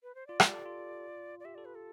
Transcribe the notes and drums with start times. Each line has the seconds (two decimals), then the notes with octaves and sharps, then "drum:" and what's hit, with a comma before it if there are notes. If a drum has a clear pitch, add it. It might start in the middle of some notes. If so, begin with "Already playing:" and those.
0.03 B4
0.15 C5
0.27 F4 D5
0.40 G4, drum: rim click
0.46 D5
0.53 A4
0.66 F4
1.40 D5
1.45 G4 E5
1.55 A4 D5
1.65 B4
1.75 A4